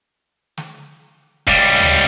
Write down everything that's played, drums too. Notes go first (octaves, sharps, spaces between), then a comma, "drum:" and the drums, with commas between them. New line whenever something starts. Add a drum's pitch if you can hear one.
drum: snare
C#2 G3, drum: kick
drum: tom